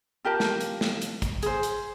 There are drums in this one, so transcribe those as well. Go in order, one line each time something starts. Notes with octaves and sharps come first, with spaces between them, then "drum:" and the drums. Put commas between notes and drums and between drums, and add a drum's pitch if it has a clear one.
F4 G4 A#4 A5
drum: snare
drum: hi-hat
drum: snare
drum: hi-hat
drum: kick, hi-hat
G#4 C5, drum: hi-hat
drum: hi-hat